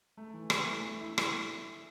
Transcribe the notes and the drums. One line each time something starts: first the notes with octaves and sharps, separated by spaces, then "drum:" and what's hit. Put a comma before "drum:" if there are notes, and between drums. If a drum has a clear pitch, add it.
A3
E3
E3, drum: rim click
A3
E4
E4
drum: rim click